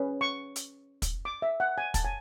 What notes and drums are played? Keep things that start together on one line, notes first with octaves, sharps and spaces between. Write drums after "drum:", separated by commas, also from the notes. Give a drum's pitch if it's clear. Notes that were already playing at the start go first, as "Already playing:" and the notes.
Already playing: C#4 G#4 B4
C#6
drum: hi-hat
drum: kick, hi-hat
D6
E5
F#5
G#5
A5, drum: kick, hi-hat
G#5